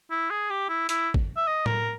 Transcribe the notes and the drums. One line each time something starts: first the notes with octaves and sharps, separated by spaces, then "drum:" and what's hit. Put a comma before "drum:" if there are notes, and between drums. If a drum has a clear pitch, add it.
E4
G#4
G4
E4
E4, drum: hi-hat
drum: kick G#1
E5
D#5
A#4, drum: tom A2